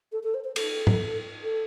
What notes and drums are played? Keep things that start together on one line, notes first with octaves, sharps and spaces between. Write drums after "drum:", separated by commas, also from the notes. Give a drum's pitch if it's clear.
A4
A4
C5
C5
A4, drum: cymbal
drum: tom G#2
A4